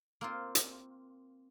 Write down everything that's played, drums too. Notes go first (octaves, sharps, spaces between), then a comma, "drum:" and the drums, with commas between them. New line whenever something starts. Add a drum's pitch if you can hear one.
A#3 C4 F4
drum: hi-hat